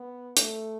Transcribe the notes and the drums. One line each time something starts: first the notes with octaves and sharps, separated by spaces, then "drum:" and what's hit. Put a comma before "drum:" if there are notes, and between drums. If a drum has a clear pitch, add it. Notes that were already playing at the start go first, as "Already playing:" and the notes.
Already playing: B3
A3, drum: hi-hat